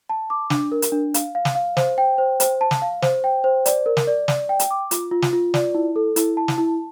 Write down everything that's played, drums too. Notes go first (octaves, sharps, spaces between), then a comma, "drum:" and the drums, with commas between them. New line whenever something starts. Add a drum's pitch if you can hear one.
A5
D6
D4, drum: snare
A#4
drum: hi-hat
D4
F5, drum: hi-hat
F5
drum: snare
F5
C5, drum: snare
G5
C5
C5, drum: hi-hat
A5
drum: snare
F5
C5, drum: snare
G5
C5
D5, drum: hi-hat
A#4
drum: snare
D5
D5, drum: snare
G5
drum: hi-hat
D6
F4, drum: hi-hat
F4
drum: snare
F4
D5, drum: snare
E4
A4
E4, drum: hi-hat
A5
drum: snare
E4